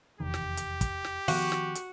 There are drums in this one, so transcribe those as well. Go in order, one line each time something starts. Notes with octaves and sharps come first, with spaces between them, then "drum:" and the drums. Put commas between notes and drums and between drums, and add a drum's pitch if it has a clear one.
F1 E2 D#3 G4
drum: snare
drum: hi-hat
drum: kick, hi-hat
drum: snare
D#3 F3 B3 F#4, drum: open hi-hat
drum: snare
drum: hi-hat